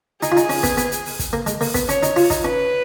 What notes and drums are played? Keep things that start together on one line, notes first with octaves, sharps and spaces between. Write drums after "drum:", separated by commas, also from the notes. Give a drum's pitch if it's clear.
D#4 G#4, drum: hi-hat
F4
D#4, drum: hi-hat
C#4, drum: open hi-hat
B3, drum: kick, hi-hat
B3, drum: hi-hat
drum: hi-hat
drum: open hi-hat
drum: kick, hi-hat
A#3
G#3, drum: hi-hat
A#3, drum: open hi-hat
B3, drum: kick, hi-hat
C#4 C#5, drum: hi-hat
D#4, drum: hi-hat
F4, drum: open hi-hat
D#4, drum: kick, hi-hat
C#4 B4